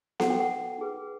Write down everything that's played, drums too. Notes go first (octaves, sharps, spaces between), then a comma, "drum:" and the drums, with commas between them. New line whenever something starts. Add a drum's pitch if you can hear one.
F#4 A4 C5 F#5, drum: snare B3
G5
F#5
D#4 G#4 B4